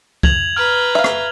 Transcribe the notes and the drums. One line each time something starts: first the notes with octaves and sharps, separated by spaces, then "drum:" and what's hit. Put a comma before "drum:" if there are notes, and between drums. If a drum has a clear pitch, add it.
G#6 F7 F#7, drum: kick
B4 A#5 F6
E5 F5
drum: rim click